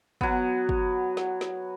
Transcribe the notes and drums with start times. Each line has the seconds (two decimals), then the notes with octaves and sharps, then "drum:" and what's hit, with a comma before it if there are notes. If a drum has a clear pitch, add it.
0.21 F#3 B3, drum: kick
0.69 drum: kick
1.17 drum: snare
1.41 drum: snare